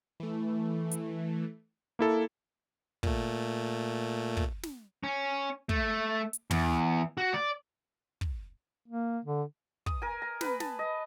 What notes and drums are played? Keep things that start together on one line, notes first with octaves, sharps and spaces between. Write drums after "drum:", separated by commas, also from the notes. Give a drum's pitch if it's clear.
E3 A3
drum: hi-hat
A#3 E4 A4
A#2 A3, drum: kick
drum: kick
drum: snare
C#4
A3, drum: kick
drum: hi-hat
E2, drum: tom
F#4
D5
drum: kick
A#3
D3
D#6, drum: kick
A#4 G#5
A#5
B4 B5, drum: snare
A5, drum: snare
D#5